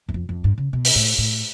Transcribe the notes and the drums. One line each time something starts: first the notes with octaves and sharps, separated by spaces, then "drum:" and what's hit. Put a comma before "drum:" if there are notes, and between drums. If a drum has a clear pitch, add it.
E2
F2
F2
G2
C#3
B2
drum: open hi-hat
A2
A2